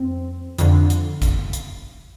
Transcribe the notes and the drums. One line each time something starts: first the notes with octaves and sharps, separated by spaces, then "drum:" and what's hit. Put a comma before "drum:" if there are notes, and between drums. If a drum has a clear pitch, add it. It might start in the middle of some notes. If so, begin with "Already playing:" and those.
Already playing: F2 C4
F2 D3, drum: hi-hat
drum: hi-hat
drum: kick, hi-hat
drum: hi-hat